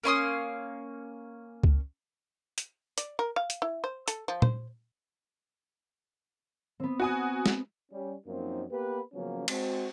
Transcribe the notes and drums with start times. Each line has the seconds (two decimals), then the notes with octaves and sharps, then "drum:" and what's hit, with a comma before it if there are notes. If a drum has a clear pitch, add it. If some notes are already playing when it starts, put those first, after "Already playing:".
0.04 A#3 C#4 C6 D#6
1.64 drum: kick C#2
2.58 drum: hi-hat
2.98 D5, drum: hi-hat
3.19 A#4
3.36 F5
3.50 drum: hi-hat
3.62 E4
3.84 C5
4.08 A4, drum: hi-hat
4.28 F3
4.42 C5, drum: tom
6.80 B3 C4
7.00 F#4 G#5 D#6
7.46 drum: snare
7.92 G3 C#4
8.27 F#2 F3 A#3 C4 D#4
8.71 A#3 B3 G4 B4
9.13 C#3 F3 F#3 A#3 B3 C#4
9.48 G#3 C4 F#4, drum: cymbal